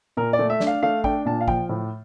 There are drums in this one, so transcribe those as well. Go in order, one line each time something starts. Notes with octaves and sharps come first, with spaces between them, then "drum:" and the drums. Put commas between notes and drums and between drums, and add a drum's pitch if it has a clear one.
A#2 A#4
D5
A3
E5
D4, drum: snare
F5
A3 F5
D4 G5, drum: kick
A#2 A5
F5
F3 G5, drum: kick
A2